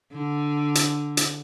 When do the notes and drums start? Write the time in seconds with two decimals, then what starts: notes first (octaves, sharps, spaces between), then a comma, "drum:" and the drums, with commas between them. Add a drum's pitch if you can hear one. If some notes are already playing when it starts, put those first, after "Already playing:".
0.13 D3
0.75 drum: hi-hat
1.17 drum: hi-hat